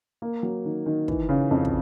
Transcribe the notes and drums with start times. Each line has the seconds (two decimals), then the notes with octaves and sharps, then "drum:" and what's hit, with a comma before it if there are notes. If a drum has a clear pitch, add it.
0.22 A#3
0.43 F#3
0.65 D#3
0.86 D#3
1.08 E3, drum: kick
1.29 C#3
1.51 F2
1.65 drum: kick